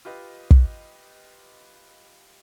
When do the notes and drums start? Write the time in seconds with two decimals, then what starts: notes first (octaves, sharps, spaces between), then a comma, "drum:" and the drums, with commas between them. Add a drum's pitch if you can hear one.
0.05 F4 G4 B4 D#5
0.51 drum: kick